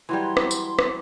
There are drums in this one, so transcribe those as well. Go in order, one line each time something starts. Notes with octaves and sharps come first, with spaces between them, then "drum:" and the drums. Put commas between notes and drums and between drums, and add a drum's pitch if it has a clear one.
E3 F#3 G3 C6
drum: rim click
drum: tambourine
drum: rim click